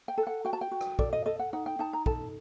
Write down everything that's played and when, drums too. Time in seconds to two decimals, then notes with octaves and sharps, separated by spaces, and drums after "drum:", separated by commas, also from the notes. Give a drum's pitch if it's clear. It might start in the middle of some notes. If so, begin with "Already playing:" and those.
0.08 G5
0.18 A4
0.27 F#5
0.45 F#4 G5
0.53 A5
0.61 G5
0.71 F#4
0.81 drum: rim click
0.99 A4 D5, drum: kick
1.13 D#5
1.26 A4 D#5
1.39 F#5
1.53 D#4 F#5
1.66 G5
1.79 D#4 A5
1.93 A#5
2.06 A4 A5, drum: kick